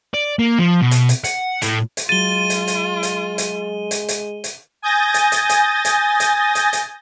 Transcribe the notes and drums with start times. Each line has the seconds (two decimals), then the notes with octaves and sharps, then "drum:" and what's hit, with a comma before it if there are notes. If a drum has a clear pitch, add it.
0.14 D5
0.39 A#3
0.59 F3
0.82 B2
0.91 drum: hi-hat
1.09 drum: hi-hat
1.24 F#5, drum: hi-hat
1.62 A2, drum: hi-hat
1.97 drum: hi-hat
2.09 F#3 G#3 F4 A6 D#7 G7
2.50 drum: hi-hat
2.68 drum: hi-hat
3.03 drum: hi-hat
3.38 drum: hi-hat
3.91 drum: hi-hat
4.09 drum: hi-hat
4.44 drum: hi-hat
4.82 G#5 D#6 G6 A6 A#6
5.14 drum: hi-hat
5.32 drum: hi-hat
5.49 drum: hi-hat
5.85 drum: hi-hat
6.20 drum: hi-hat
6.55 drum: hi-hat
6.73 drum: hi-hat